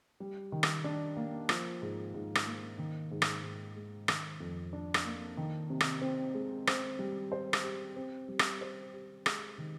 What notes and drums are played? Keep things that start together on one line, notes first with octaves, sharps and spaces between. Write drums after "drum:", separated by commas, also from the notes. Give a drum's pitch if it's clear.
G3
D#3
drum: rim click
D4
A#3
F3, drum: rim click
G#2
G#2
drum: rim click
A#3
D#3
G#2
drum: rim click
G#2
G#3
D#3, drum: rim click
F2
D4
drum: rim click
A#3
D#3
C3
drum: rim click
C4
G#3
C4, drum: rim click
G3
C5
drum: rim click
G4
C4
G3
drum: rim click
C5
G4
G#3, drum: rim click
D#3